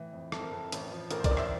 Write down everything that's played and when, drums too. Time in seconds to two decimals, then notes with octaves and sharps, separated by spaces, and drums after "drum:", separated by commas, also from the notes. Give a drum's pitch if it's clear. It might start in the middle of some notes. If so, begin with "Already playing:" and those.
Already playing: A2 E3
0.13 F2
0.32 F2 A4, drum: rim click
0.42 A#4
0.52 F2 A4
0.72 A1, drum: hi-hat
0.91 F3
1.11 A1 A#4, drum: hi-hat
1.20 C5
1.24 A#4 D5, drum: kick B1, hi-hat
1.31 A1
1.37 C5 E5, drum: rim click